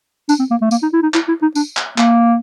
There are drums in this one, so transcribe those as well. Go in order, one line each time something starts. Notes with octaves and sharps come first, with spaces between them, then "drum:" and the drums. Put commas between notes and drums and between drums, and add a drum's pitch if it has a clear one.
D4, drum: tambourine
C4
A#3
A3
A#3, drum: tambourine
D#4
E4
D#4
E4, drum: clap
E4
D#4
D4, drum: tambourine
drum: clap
A#3, drum: clap